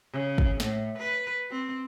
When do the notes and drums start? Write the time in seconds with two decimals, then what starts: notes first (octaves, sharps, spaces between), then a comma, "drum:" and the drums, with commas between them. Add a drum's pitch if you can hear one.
0.13 C#3
0.38 drum: kick
0.60 A2, drum: snare
0.98 B4
1.51 C4